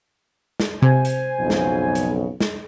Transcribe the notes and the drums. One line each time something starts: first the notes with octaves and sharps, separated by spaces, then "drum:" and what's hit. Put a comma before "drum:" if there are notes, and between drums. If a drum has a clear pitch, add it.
drum: snare
C3 C5 G#5
drum: hi-hat
B1 F2 C#3
drum: snare
drum: hi-hat
drum: snare